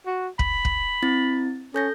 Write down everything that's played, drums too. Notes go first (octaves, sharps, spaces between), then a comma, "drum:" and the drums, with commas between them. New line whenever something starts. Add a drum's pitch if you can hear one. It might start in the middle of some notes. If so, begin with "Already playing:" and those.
F#4
B5, drum: kick
drum: kick
C4 E4 A6
C#4 A4 G6 A#6